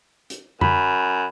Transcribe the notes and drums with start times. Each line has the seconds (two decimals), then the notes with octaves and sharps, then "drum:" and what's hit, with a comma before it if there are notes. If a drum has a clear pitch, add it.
0.30 drum: hi-hat
0.61 F#2 B5, drum: tom F2